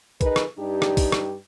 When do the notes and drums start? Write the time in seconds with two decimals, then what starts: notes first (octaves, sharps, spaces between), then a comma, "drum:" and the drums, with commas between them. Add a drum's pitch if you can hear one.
0.21 D#4 G#4 A#4 B4, drum: kick, hi-hat
0.36 drum: rim click
0.58 G2 D4 D#4 G4
0.82 drum: rim click
0.97 drum: kick, open hi-hat
1.12 drum: rim click